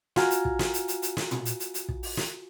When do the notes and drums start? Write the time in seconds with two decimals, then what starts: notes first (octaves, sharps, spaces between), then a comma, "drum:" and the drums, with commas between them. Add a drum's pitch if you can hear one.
0.16 F4 F#4 F5 G#5 A#5 F6, drum: snare
0.30 drum: hi-hat
0.45 drum: kick
0.59 drum: snare
0.74 drum: hi-hat
0.88 drum: hi-hat
1.02 drum: hi-hat
1.17 drum: snare
1.31 drum: tom
1.45 drum: hi-hat
1.60 drum: hi-hat
1.74 drum: hi-hat
1.88 drum: kick
2.03 drum: open hi-hat
2.17 drum: snare